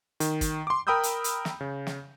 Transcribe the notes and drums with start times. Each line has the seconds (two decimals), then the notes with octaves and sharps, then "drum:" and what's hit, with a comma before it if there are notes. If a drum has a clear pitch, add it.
0.20 D#3, drum: hi-hat
0.41 drum: kick, hi-hat
0.67 C6 D6
0.87 A#4 G5 B5 D#6 E6 G6
1.03 drum: hi-hat
1.24 drum: hi-hat
1.45 drum: snare
1.61 C#3
1.87 drum: snare